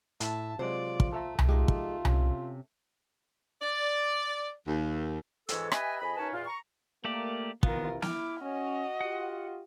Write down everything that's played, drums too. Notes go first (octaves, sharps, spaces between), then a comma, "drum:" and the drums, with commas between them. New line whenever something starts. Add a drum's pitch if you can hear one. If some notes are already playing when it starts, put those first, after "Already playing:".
A2 E5 A5, drum: hi-hat
C3 F#3 G#3 F4 C5 D5
drum: kick
A3 A4 E5 A#5
drum: tom C2
G#3 D#4 F4 G4
drum: kick
C3 C#4, drum: tom C2
D5
D#2
F2 G#2 E3 A4 C#5 E6, drum: hi-hat
G4 B4 D#5 E5 G#5, drum: rim click
F2 G#4 D#5 B5
F#2 C#4 D#4 B4 C#5 A5
E2 A#2 F4
A#5 C#6
A3 A#3 G4 D5
C3 D#3 E3 B3 F4 A#4, drum: kick
E4 D6 F6, drum: snare
C#4 F#4 D#5
F4 G4 F#5